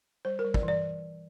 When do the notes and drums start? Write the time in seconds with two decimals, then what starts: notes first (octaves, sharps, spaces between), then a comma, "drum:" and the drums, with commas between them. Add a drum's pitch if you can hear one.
0.25 G3 C5
0.39 A#4
0.45 G3
0.54 D5, drum: kick
0.63 E3
0.68 D5